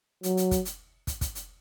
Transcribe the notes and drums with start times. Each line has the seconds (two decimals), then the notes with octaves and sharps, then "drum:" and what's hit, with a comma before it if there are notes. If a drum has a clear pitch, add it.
0.23 F#3, drum: hi-hat
0.37 drum: hi-hat
0.51 drum: kick, hi-hat
0.65 drum: hi-hat
1.07 drum: kick, hi-hat
1.21 drum: kick, hi-hat
1.35 drum: hi-hat